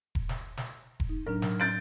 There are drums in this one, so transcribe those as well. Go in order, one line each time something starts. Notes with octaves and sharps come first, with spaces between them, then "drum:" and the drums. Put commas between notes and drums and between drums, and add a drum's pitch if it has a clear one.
drum: kick E1
drum: snare
drum: snare
drum: kick E1
D#4
A2 F#3 D4 A#4
F#3, drum: snare
G6 A6 D7